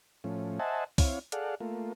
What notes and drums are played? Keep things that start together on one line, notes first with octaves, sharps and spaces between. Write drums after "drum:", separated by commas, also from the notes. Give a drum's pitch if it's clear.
A2 F3 C#4
C5 D#5 E5 F#5 G#5 A5
C4 E4 C#5 F5, drum: kick, open hi-hat
G#4 A4 D5 F5 F#5, drum: hi-hat
A3 A#3 F4